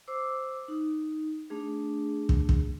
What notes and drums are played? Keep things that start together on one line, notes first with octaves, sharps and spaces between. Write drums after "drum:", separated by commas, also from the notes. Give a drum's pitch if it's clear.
C5 D6 E6
D#4
A3 D4 G#4
drum: kick
drum: kick